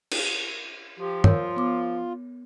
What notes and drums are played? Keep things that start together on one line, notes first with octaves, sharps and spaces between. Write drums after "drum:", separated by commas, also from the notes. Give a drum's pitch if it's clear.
drum: cymbal
F3 G4
F4 A#4 C#5, drum: tom
B3 D6